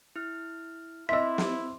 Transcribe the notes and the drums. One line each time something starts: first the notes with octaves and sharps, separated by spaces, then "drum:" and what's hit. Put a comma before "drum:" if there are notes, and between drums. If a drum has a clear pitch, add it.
E4 F6
C4 E4 D#5 E5 C6 E6 B6
drum: snare